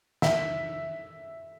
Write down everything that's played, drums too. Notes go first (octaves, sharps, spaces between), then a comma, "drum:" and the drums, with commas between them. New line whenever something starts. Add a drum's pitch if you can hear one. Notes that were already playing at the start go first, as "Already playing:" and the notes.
E5, drum: snare